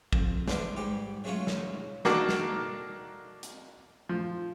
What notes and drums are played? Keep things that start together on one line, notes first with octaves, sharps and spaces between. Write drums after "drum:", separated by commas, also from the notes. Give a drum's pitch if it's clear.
F2, drum: kick
D4 B4 C5 E5 G5, drum: snare
G#2 G3 G4
F#3 G#3 A3 C#4 F4 F#4
drum: snare
D#3 A#3 D4 F#4 A4, drum: snare
drum: snare
drum: hi-hat
F3